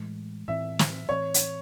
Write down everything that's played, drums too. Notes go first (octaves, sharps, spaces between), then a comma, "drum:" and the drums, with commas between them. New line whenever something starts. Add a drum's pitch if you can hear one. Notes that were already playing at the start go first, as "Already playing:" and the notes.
Already playing: A2 E3 G#3
A2 E3 C4 E5
drum: snare
A2 E3 C4 C#5
drum: hi-hat